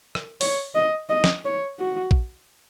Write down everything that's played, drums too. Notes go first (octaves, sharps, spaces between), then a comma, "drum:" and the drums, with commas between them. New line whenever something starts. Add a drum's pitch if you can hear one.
drum: rim click
C#5, drum: open hi-hat
D#5
D#5
drum: snare
C#5
F#4
drum: kick A#1